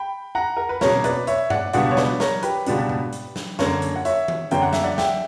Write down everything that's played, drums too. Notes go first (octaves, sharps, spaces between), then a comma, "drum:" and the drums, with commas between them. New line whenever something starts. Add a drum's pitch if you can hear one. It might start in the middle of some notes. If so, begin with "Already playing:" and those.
Already playing: G5 B5
F#5 A#5
A#4
B4
B2 A#3 C#4 A#4 C#5, drum: snare
B4 D5, drum: hi-hat
C#5 E5, drum: hi-hat
D5 F#5, drum: tom G2
C#2 B2 G3 B3 D4 D5 F#5, drum: hi-hat
C#5
B4 D5, drum: snare
A#4 C#5, drum: snare
G4 B4, drum: hi-hat
C#2 B2 G3 B3 D4, drum: hi-hat
drum: tom G#2
drum: hi-hat
drum: snare
F#2 D3 A#3 C#4 A#4 C#5, drum: snare
drum: hi-hat
F#5
C#5 E5, drum: hi-hat
drum: tom D#3
F#2 D3 A#3 C#4 G5, drum: hi-hat
F#5
E5, drum: snare
D5 F#5
E5 G5, drum: snare